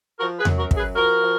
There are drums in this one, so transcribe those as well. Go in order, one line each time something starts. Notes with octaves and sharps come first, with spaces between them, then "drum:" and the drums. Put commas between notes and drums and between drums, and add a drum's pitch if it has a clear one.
F3 F#4 A#4
G#4 B4
F#2, drum: tom E2
F#4 A#4
F#2, drum: kick
G#4 B4
F3 F#4 A#4
F3